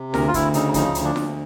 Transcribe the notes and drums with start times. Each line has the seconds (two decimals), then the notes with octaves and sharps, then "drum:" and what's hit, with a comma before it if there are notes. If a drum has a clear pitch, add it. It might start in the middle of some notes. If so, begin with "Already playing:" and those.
Already playing: C3
0.14 D2 A#4, drum: snare E4
0.28 F4
0.34 D2 E4, drum: kick, hi-hat
0.54 C#3 D#4, drum: hi-hat
0.74 F3 D#4, drum: kick, hi-hat
0.95 D2, drum: hi-hat
1.04 D4
1.16 D2, drum: snare E4